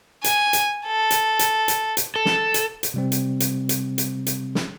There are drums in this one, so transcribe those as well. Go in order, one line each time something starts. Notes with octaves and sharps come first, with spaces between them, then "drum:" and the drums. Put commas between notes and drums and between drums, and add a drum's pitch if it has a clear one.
G#5, drum: hi-hat
drum: hi-hat
A4
drum: hi-hat
drum: hi-hat
drum: hi-hat
drum: hi-hat
A4
drum: snare
drum: hi-hat
drum: hi-hat
C3 G3 C4
drum: hi-hat
drum: hi-hat
drum: hi-hat
drum: hi-hat
drum: hi-hat
drum: snare